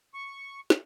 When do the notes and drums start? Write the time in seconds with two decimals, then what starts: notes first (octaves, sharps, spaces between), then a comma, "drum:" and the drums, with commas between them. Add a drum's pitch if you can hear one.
0.14 C#6
0.70 drum: snare